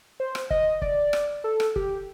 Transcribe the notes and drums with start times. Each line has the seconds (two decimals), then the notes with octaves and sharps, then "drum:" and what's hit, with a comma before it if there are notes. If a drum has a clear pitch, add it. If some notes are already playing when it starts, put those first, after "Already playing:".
0.20 C5
0.35 drum: rim click
0.50 D#5, drum: kick
0.82 D5, drum: kick
1.13 drum: rim click
1.44 A4
1.60 drum: rim click
1.76 G4, drum: kick